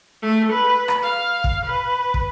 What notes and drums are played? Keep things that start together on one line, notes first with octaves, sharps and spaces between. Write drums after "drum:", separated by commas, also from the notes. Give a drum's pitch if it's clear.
A3
B4
drum: rim click
F5
drum: kick
B4
drum: kick